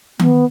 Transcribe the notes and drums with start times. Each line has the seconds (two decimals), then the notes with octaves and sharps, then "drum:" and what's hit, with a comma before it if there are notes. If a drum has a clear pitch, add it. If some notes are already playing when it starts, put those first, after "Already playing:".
0.19 B3, drum: tom D#3